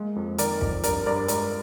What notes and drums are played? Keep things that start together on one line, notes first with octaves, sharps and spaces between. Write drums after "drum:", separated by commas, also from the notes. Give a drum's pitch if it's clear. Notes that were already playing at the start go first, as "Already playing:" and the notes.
Already playing: G#3 A#3
F2
D#3 A#4 D5, drum: hi-hat
F2, drum: kick
G2 A#4 D5, drum: hi-hat
G2 A#4 D5
G#3 A#4 D5, drum: hi-hat